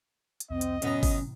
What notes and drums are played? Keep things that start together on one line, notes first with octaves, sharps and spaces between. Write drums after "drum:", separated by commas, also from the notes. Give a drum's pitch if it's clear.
drum: hi-hat
C2 F2 C4 D#5
drum: hi-hat
F#2 A2 C3 E3 B3 C#4 A#5, drum: hi-hat
drum: kick G1, open hi-hat